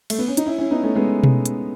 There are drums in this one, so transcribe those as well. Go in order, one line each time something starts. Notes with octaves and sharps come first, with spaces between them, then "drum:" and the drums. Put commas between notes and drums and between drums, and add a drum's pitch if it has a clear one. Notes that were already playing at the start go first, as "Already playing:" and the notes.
A3, drum: cymbal
B3
C#4
D#4, drum: hi-hat
C#4 E4
C#4 E4
B3 D#4
A3 C#4
G#3 B3
drum: tom B2
drum: hi-hat